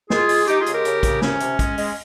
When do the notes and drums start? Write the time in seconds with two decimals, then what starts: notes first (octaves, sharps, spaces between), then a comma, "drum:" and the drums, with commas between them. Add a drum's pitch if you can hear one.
0.10 G#3 F4 G#4, drum: snare
0.29 G#3, drum: open hi-hat
0.44 F4
0.47 G#3 D#4 G4, drum: hi-hat
0.60 F4 G#4
0.66 C#3, drum: hi-hat
0.72 G4 A#4
0.85 C#3, drum: hi-hat
1.03 C#3, drum: kick, hi-hat
1.22 C3 C#4, drum: snare
1.40 C3, drum: hi-hat
1.59 G#3, drum: kick, hi-hat
1.78 G#3, drum: open hi-hat